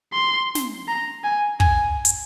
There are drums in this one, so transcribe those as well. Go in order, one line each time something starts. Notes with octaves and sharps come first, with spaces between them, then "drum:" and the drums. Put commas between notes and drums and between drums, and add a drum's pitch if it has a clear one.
C6
drum: snare
A#5
G#5
G#5, drum: kick
drum: hi-hat